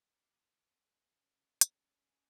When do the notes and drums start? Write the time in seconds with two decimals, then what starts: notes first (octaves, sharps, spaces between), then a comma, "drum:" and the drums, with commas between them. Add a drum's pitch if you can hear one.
0.11 A#3
0.83 C#3
1.61 drum: hi-hat
1.98 C#4